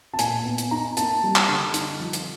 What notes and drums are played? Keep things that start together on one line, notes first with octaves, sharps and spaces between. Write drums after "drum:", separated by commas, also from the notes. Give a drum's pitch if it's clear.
A5
A#2 G#5, drum: hi-hat
B3
drum: hi-hat
D#4 A#5
A#3 A5, drum: hi-hat
G3
drum: clap
D3
D#4, drum: hi-hat
F3
drum: hi-hat